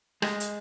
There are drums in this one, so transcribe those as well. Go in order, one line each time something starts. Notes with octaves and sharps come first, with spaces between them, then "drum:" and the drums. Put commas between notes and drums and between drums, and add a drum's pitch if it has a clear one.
G#3, drum: rim click
drum: hi-hat